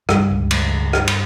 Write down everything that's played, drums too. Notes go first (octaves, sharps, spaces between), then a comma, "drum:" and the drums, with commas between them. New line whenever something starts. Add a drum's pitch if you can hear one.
G2 C#3 G3, drum: rim click
C#2
C#2, drum: cymbal
C#3
drum: rim click
drum: cymbal